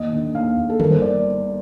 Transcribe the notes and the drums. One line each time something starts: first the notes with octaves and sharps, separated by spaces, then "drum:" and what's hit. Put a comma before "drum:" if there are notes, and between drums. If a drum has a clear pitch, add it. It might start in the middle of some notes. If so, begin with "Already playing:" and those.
Already playing: D#2 D#3 D#5
D3
D#2 F5
D#2
A4
G1 A#4, drum: tom D3
C5
D5